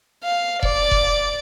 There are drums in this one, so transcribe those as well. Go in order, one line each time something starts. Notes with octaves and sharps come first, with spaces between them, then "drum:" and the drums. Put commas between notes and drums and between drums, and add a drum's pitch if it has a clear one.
F5
D5, drum: kick E1
drum: kick E1